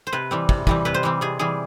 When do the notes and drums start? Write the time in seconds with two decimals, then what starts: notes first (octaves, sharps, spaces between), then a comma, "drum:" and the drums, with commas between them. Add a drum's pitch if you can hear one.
0.07 C5
0.13 C3 B4
0.31 E3 G3 C4
0.49 C3, drum: kick
0.67 E3 G3 C4, drum: kick
0.85 C3 B4
0.94 C5
1.03 E3 G3 C4
1.21 C3 G#4
1.39 E3 G3 C4 G#4